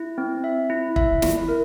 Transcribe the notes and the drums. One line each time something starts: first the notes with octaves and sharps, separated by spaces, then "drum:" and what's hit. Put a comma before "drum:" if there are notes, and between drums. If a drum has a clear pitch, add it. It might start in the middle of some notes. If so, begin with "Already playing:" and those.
Already playing: E4
C4
E5
E4
E5, drum: kick
E4, drum: snare
A#4